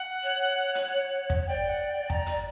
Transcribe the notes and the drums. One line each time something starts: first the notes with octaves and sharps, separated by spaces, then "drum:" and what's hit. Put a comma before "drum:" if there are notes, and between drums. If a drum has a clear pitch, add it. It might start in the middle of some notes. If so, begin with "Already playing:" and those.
Already playing: F#5
C#5
drum: hi-hat
drum: kick
D5 G5
F#5
G5
A#5, drum: kick
drum: hi-hat